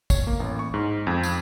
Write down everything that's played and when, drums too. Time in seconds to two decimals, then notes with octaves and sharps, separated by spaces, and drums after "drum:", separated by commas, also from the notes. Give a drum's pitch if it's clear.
0.10 C#5, drum: kick, tambourine
0.27 A#3
0.40 A1
0.59 C#6
0.74 G#2
1.07 F2
1.23 drum: tambourine